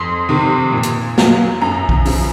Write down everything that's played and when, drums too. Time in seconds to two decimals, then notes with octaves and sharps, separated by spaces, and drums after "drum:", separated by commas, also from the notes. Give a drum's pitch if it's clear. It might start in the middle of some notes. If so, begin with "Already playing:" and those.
Already playing: F2 C6
0.29 C3 D#3
0.72 A#2
0.83 drum: hi-hat
1.18 F#3, drum: snare A#3
1.62 F#2 A#5
1.89 drum: kick
2.05 C#3 F3, drum: open hi-hat